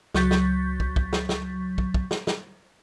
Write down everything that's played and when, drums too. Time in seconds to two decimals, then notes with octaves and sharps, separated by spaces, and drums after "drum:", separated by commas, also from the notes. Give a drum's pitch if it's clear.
0.14 C#2 F#3 C#6 G6 A6 B6, drum: snare
0.31 drum: snare
0.80 drum: kick
0.96 drum: kick
1.13 drum: snare
1.29 drum: snare
1.78 drum: kick
1.94 drum: kick
2.11 drum: snare
2.27 drum: snare